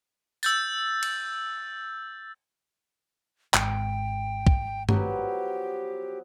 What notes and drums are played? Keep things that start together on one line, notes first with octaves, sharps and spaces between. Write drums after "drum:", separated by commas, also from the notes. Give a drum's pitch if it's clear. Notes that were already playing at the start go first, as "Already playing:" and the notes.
E6 G6 A6, drum: tambourine
drum: cymbal
G#1 G5, drum: clap
drum: kick
F3 F#3 B3 G4, drum: tom G2